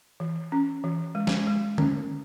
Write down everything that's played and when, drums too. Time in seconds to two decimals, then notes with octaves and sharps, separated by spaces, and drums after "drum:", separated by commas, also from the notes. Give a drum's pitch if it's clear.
0.20 E3
0.52 C#4
0.84 E3
1.15 G#3
1.27 drum: snare
1.47 G#3
1.78 C#4, drum: tom